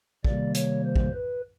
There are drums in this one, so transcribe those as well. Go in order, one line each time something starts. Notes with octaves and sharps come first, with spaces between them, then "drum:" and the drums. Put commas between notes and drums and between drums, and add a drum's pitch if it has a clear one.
C3 D#3 G3 A#3 D5, drum: kick
C#5, drum: hi-hat
C5
drum: kick
B4